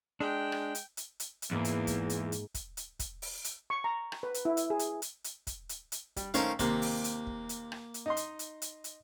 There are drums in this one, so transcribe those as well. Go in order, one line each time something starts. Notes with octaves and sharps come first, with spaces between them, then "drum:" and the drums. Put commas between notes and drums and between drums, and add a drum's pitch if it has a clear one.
G#3 D4 G5
drum: rim click
drum: hi-hat
drum: hi-hat
drum: hi-hat
drum: hi-hat
E2 G#2 A#3
drum: hi-hat
drum: kick, hi-hat
drum: hi-hat
drum: hi-hat
drum: kick, hi-hat
drum: hi-hat
drum: kick, hi-hat
drum: open hi-hat
drum: hi-hat
C#6
A#5
drum: rim click
B4
drum: hi-hat
E4
drum: hi-hat
G#4
drum: hi-hat
drum: hi-hat
drum: hi-hat
drum: kick, hi-hat
drum: hi-hat
drum: hi-hat
G3, drum: kick, hi-hat
D#3 A3 C#4 A#4 C5 F5, drum: hi-hat
D#2 C3 A#3 C4, drum: kick, hi-hat
drum: open hi-hat
drum: hi-hat
drum: kick
drum: hi-hat
drum: rim click
drum: hi-hat
D#4 D#5 C6
drum: hi-hat
drum: hi-hat
drum: hi-hat
drum: hi-hat